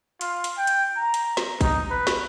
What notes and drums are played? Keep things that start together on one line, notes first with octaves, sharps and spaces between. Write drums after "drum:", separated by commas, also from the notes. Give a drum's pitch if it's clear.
F4, drum: hi-hat
drum: hi-hat
G5
drum: hi-hat
A#5
drum: hi-hat
drum: snare
D#4, drum: kick, hi-hat
B4
drum: snare